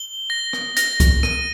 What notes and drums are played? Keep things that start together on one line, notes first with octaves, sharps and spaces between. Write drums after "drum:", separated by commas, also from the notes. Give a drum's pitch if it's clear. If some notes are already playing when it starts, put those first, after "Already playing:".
Already playing: G7
A#6
drum: rim click
A#6, drum: hi-hat
drum: kick C2, hi-hat
D#7, drum: rim click